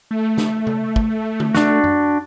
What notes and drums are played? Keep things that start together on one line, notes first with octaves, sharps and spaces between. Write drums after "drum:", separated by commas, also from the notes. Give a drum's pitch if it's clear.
A3
drum: snare
drum: tom C3
drum: kick
drum: tom D3
D4 F#4, drum: snare
drum: tom F#2